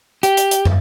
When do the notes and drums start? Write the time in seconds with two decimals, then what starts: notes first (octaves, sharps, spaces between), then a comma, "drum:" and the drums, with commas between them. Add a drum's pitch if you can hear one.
0.23 G4, drum: hi-hat
0.37 drum: hi-hat
0.51 drum: hi-hat
0.65 drum: tom